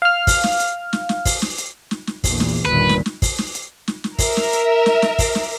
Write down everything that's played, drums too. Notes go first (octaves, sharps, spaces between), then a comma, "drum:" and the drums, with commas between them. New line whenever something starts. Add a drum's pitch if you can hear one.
F5 F6
drum: kick, open hi-hat
drum: snare
drum: hi-hat
drum: snare
drum: snare
drum: kick, open hi-hat
drum: snare
drum: hi-hat
drum: snare
drum: snare
A#1 E2, drum: kick, open hi-hat
drum: snare
G1 D#2 A#2 B4
drum: snare
drum: snare
drum: kick, open hi-hat
drum: snare
drum: hi-hat
drum: snare
drum: snare
A#4 E5, drum: kick, open hi-hat
drum: snare
drum: hi-hat
drum: snare
drum: snare
drum: kick, open hi-hat
drum: snare